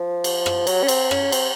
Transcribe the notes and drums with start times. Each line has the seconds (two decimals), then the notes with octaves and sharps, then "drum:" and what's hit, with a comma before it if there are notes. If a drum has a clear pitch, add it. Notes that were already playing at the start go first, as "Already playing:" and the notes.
Already playing: F3
0.24 drum: cymbal
0.46 drum: rim click
0.67 F#3, drum: cymbal
0.83 C#4
0.88 C4, drum: cymbal
1.11 C#4, drum: rim click
1.32 C4, drum: cymbal